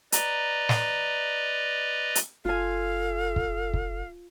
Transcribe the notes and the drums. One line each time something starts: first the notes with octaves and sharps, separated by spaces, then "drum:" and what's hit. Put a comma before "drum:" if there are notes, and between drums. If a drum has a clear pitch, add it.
B4 D5 D#5 A#5, drum: hi-hat
drum: snare
drum: hi-hat
F#1 F4 A4 F5 G#5
drum: kick
drum: kick